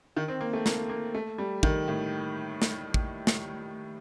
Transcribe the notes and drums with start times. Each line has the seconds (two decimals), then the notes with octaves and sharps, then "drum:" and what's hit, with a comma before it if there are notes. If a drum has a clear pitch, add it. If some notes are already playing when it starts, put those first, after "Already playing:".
0.17 D#3
0.28 C4
0.41 A#3
0.53 A3
0.66 A#3, drum: snare
0.90 A#3
1.15 A3
1.38 G3
1.63 D#3, drum: kick
1.88 A2
2.62 drum: snare
2.94 drum: kick
3.27 drum: snare